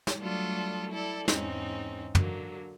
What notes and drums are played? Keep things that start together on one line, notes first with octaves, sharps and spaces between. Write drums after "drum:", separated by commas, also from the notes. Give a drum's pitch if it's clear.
drum: snare
F#3 G3 A3 D4 F4 A4
E4 A4 D5
E2 G#2 C4 C#4 D#4, drum: snare
D3 F#3 A#3, drum: tom